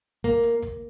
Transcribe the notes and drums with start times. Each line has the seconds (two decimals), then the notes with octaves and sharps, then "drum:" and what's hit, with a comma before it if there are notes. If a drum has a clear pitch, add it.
0.24 A#3, drum: kick G#1, hi-hat
0.43 drum: hi-hat
0.62 drum: kick G#1, hi-hat